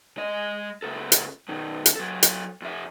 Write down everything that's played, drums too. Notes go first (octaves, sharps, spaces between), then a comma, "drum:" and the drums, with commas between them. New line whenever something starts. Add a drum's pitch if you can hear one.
G#3 D#5
C#2 A4
drum: hi-hat
B2 D#3
drum: hi-hat
F#3 A4
drum: hi-hat
F2 E5